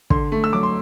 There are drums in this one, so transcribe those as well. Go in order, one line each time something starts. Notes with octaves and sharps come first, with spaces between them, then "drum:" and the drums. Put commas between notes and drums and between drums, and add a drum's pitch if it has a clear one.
D3 C6, drum: kick
A3
E6
F#3 D6
C6